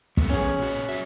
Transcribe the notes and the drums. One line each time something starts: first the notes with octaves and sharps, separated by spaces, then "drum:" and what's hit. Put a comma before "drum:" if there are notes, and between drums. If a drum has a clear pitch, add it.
E2 A3 B3, drum: kick
C#4 G#4
A#2 F#4
F#3 E5